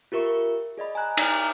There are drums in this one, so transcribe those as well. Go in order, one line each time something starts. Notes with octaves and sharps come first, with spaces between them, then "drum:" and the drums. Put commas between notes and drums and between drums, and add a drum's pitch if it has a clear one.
F4 G4 A#4 E5 C#6
G#4 D5 D#5 B5
G#5 A#5 F#6
D#4 D5 A#5 F6, drum: cymbal
D6